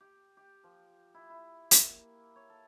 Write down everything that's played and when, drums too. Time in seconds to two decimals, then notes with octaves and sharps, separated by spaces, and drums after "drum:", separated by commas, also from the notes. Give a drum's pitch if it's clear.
0.01 G4
0.37 G4
0.64 F3
1.14 E4
1.30 E4
1.71 A#3, drum: hi-hat
2.36 C#5
2.50 A4